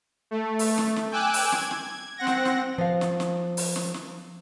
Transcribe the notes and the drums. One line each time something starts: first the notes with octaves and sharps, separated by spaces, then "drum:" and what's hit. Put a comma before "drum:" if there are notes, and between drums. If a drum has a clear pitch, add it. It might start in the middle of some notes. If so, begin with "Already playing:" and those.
A3
drum: open hi-hat
drum: snare
drum: snare
G5 G#5 D6 E6 F#6
drum: open hi-hat
G#6, drum: snare
drum: snare
C4 F#5 A#6
drum: snare
drum: snare
F3 F5
drum: snare
drum: snare
drum: open hi-hat
drum: snare
drum: snare